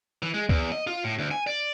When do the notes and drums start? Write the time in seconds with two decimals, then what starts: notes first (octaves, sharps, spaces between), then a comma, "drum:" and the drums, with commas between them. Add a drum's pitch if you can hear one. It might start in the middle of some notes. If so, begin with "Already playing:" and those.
0.23 E3
0.34 G#3
0.49 E2, drum: kick C#2
0.72 D#5
0.87 F4
1.04 A2
1.19 D2
1.31 G#5
1.47 D5